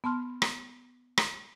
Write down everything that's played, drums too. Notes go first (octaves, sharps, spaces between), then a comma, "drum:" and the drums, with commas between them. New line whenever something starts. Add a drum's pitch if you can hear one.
B3 A5 C6 F6
drum: rim click
drum: rim click